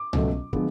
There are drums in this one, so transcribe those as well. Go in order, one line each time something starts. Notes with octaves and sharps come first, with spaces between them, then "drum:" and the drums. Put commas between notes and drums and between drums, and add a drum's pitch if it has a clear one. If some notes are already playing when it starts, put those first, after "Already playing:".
Already playing: D6
C#2 B2 F#3 A3, drum: tom C2
D3 F3 G#3 B3, drum: kick